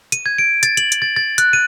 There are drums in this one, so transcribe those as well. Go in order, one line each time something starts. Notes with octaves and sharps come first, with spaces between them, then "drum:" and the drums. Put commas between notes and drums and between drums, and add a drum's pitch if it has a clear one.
D#7, drum: hi-hat
G#6
D7
A6, drum: hi-hat
F#7, drum: hi-hat
drum: hi-hat
A6
A6
F#6, drum: hi-hat
D#7